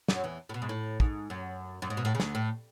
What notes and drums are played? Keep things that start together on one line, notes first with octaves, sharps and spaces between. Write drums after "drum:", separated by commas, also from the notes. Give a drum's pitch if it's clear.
F#2 F#3, drum: snare
E2 E3
A2
B2
G#2
A2
G#2, drum: kick
F#2
F#2
G#2
B2
A2
C#3
D2 D3, drum: snare
A2